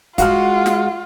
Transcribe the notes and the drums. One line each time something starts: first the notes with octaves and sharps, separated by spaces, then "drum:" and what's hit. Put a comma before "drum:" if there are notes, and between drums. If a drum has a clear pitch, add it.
G#3 F4 F#4 F5 F#5 F6, drum: kick C#1, hi-hat
drum: snare